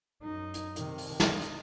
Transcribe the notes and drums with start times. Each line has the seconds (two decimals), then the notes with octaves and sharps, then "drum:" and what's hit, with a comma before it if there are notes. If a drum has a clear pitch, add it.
0.23 F#2 D#4
0.54 drum: hi-hat
0.76 C3 D#3, drum: hi-hat
0.98 drum: open hi-hat
1.20 drum: snare
1.30 D#4
1.42 drum: hi-hat